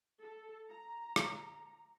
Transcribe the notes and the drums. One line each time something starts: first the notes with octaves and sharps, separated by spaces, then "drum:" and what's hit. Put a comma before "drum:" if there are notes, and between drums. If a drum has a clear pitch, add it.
A4
A#5
drum: rim click